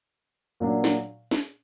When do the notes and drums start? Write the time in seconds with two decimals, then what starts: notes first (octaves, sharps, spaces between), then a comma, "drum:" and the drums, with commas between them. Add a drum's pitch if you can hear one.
0.60 A#2 F#3 D4
0.84 drum: snare
1.31 drum: snare